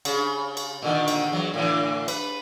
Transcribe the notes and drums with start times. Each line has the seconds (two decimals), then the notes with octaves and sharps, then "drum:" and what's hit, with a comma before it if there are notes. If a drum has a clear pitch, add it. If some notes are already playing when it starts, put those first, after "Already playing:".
0.05 C#3, drum: cymbal
0.57 drum: cymbal
0.82 A#2 D3 D#3
1.08 drum: cymbal
1.32 E2 F#3
1.54 A2 D3 E3
2.08 B4, drum: cymbal